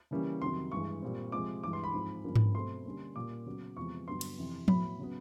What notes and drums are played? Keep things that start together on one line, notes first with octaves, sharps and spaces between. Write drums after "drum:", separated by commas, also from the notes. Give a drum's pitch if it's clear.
C#3 E3 G3 A#3 C#4
F2 C3 D#3 F#3 C6
G2 E3 G#3 C#6
A#2 G3 C4
C3 F3 G#3 D6
G2 E3 G#3 D6
C6
B5
G#2 F3 G#3 C4
G2 D3 F3 A#3 C#4
drum: tom G#2
B2 F#3 A3 C4 C6
D3 G3 A#3 C#4
A#2 G3 A#3 D6
C#3 F#3 B3
E2 C3 F3 G#3 C#6
G2 D3 F#3 B3 C6
drum: cymbal
F2 C3 E3
A2 F#3 B3 B5, drum: tom F3
C#3 F#3 B3